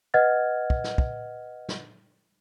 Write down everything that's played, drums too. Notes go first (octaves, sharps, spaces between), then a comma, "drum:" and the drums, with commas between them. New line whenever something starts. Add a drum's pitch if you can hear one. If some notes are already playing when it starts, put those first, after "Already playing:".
B4 D#5 F#5 F6 G#6 A6
drum: kick
drum: snare
drum: kick
drum: snare